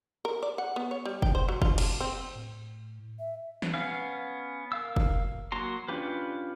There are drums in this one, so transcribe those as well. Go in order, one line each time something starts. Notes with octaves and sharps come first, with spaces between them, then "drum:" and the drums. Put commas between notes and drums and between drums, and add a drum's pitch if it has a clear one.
A#4
D5
F#5
B3
C#5
G3
G5, drum: kick
C5
F#3
F4, drum: kick
D4, drum: cymbal
C4
A2
E5
drum: snare
B3 C#4 F5
A#4 F5 E6
drum: kick
F#3 A#3 F#4 A#5 C6
C#4 D4 F4 G4 B4